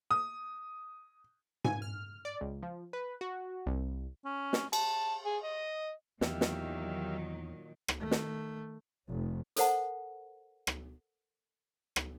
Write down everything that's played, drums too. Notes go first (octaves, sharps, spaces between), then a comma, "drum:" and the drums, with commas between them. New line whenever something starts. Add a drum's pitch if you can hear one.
D#6
G#5, drum: tom G#2
F6
D5
C#2
F3
B4
F#4
C2
C#4
drum: snare
A5, drum: cymbal
G#4
D#5
E2 A#2 D#3 F#3 G4 E5 F5, drum: snare
drum: snare
drum: rim click
D#3 A3
drum: snare
F1
A4 A#4 C5 F#5 A5, drum: hi-hat
drum: rim click
drum: rim click